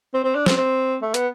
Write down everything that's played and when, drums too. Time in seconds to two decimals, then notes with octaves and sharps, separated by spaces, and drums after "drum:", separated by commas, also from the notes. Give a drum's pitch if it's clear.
0.14 C4
0.24 C4
0.35 D4
0.46 C4, drum: snare
0.57 C4
1.02 A3
1.14 B3, drum: hi-hat